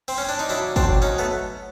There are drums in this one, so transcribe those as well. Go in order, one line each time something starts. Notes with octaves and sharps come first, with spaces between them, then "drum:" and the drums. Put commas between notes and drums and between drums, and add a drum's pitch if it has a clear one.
C4, drum: cymbal
C#4
D4
D#4
F#3 D4 E4
C4 D4, drum: kick
C#4 D#4
A3 B3